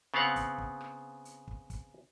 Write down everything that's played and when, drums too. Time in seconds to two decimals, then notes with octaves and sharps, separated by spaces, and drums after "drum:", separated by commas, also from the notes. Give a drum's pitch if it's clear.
0.14 C#3 B3 C4 F5 F#5
0.36 drum: kick, hi-hat
0.58 drum: kick
0.81 drum: rim click
1.25 drum: hi-hat
1.48 drum: kick
1.70 drum: kick, hi-hat